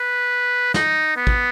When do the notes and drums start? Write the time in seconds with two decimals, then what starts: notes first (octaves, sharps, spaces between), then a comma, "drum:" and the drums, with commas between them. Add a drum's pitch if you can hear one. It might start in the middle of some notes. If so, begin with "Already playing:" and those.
Already playing: B4
0.74 D#4, drum: snare
1.17 B3
1.27 drum: kick